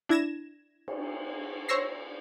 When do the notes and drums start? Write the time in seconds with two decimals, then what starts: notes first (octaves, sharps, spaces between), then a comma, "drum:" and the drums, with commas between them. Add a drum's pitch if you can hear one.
0.09 D4 E4 G#6 A#6 E7
0.88 drum: cymbal
1.68 C5 C#5 C#6 E6 A#6 C7